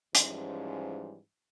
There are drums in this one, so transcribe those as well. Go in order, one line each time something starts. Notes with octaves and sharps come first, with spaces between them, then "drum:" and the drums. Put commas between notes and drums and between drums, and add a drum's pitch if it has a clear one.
G#2 E3 F3 G3 C#4, drum: hi-hat